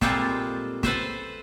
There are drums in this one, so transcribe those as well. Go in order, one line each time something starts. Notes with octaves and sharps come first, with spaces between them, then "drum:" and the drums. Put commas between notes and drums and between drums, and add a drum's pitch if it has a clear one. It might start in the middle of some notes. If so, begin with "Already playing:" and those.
A#2 G3 G#3 C4 F4 A4, drum: snare
A4 B4 C5 E5, drum: snare